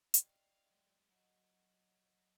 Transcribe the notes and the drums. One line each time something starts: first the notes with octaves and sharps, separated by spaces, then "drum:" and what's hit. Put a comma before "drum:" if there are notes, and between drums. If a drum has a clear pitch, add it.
D5 D#5 F5 G5, drum: hi-hat
F#3 G#3
F#3 D#5 F#5